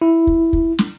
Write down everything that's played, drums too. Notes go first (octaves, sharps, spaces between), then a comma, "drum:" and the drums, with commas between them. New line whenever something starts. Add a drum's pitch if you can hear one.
E4
drum: kick
drum: kick
drum: snare